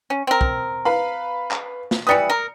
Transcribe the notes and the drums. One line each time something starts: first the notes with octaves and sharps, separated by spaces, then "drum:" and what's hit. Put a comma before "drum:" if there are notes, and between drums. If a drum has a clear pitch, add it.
C#4
C4 A#4
drum: kick
B4 F5 B5
drum: clap
drum: snare
E3 G3 B4 D#6 C#7
A#4